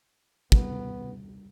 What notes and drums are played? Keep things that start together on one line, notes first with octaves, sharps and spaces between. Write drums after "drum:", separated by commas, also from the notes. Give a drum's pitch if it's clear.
G3 B3, drum: kick